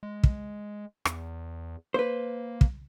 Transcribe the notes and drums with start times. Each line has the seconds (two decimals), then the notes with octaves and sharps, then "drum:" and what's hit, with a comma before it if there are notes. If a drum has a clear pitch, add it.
0.03 G#3
0.24 drum: kick
1.05 E2, drum: rim click
1.94 A#3 B4 C5
2.61 drum: kick